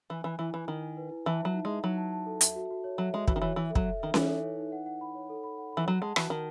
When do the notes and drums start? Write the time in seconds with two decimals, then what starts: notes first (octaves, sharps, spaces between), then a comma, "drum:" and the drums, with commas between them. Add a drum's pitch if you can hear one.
0.10 E3 G#5
0.24 E3 G#5
0.39 E3 E4
0.54 E3 G#5
0.68 D#3 G#5
0.83 G#5
0.97 B4
1.11 E4
1.26 E3 A5
1.40 E5
1.45 F#3
1.54 D#4
1.65 G#3 E5
1.84 F#3 D#4
1.97 A5
2.12 A5
2.26 A4
2.41 E5, drum: hi-hat
2.55 F#4
2.70 F#4
2.84 C#5
2.98 F#3 E5
3.13 G#3 E5
3.28 E3 F#4, drum: kick
3.36 D#3
3.42 E3 C#5
3.56 E3 E5
3.70 A4
3.75 F#3, drum: kick
3.85 E5
4.00 D#3 E5
4.14 E3 D#4, drum: snare C#4
4.29 A4
4.43 C#5
4.58 D#4
4.72 F#5
4.86 F#5
5.01 B5
5.15 C#5
5.30 A4
5.44 B5
5.58 F#5
5.73 E3 B5
5.87 F#3 F#5
6.01 G#3 A5
6.16 E3 F#4, drum: rim click
6.30 D#3 A5